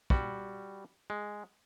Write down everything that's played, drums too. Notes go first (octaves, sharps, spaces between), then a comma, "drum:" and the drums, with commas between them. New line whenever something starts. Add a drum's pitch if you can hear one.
G3 F#4, drum: kick
G#3